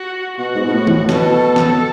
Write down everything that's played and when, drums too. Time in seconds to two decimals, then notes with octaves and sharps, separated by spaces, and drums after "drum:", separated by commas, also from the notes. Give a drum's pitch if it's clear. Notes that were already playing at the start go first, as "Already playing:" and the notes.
Already playing: F#4
0.37 B2 F#4
0.55 G#2
0.65 B2
0.73 A2
0.87 B2, drum: tom
0.91 A2
1.09 B2 A4, drum: snare
1.56 drum: snare